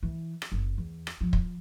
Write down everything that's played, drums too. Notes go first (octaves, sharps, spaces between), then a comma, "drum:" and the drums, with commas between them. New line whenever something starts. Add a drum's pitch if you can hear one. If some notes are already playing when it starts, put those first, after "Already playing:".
E3
drum: rim click
F#1
E2
drum: rim click
F3
drum: kick